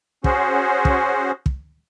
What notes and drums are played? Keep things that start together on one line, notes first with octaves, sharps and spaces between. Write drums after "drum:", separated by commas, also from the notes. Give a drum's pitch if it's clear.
C#4 F#4 G#4 C5, drum: kick
drum: kick
drum: kick